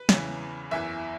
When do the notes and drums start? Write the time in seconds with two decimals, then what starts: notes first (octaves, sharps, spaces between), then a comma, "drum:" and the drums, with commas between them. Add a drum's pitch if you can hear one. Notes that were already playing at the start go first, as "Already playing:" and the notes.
Already playing: B4
0.09 E2 C#3 E3, drum: snare
0.71 F#1 E2 E3 E5